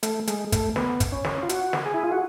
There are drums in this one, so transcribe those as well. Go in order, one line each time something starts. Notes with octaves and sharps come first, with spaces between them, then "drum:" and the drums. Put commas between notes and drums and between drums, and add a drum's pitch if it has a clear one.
A3, drum: hi-hat
G#3, drum: hi-hat
A3, drum: kick, hi-hat
B3, drum: snare
drum: kick, hi-hat
C#4
drum: snare
F4
F#4, drum: hi-hat
drum: snare
G#4
E4
F4
F#4